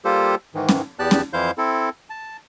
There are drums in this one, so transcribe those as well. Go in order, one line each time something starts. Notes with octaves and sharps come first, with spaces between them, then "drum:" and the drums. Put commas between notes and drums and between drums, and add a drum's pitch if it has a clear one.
G3 A#3 F4 G4 A4 C5
G#2 D#3 E3
drum: snare C#4
E2 B3 G4 D5 A5 F#6
drum: snare C#4
F2 E3 E4 C5 F5 G6
C4 E4 A4
A5